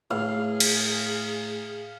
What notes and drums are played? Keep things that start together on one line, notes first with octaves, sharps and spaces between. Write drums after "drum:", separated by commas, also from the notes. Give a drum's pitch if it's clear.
A2 G#4 F5
drum: cymbal